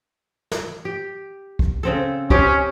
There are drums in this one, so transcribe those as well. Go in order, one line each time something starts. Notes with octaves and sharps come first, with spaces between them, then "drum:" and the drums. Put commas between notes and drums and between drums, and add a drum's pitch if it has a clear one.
drum: snare
G4
drum: kick
C#3 C4 A4
C#4 D#4 G4 C5, drum: kick